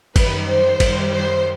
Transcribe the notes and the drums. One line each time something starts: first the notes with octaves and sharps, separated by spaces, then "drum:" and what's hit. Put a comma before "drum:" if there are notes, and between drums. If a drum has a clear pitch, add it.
F#2 D#3 G3 B4, drum: kick G#1, cymbal
C5
F#2 D#3 G3, drum: kick G#1, cymbal
C5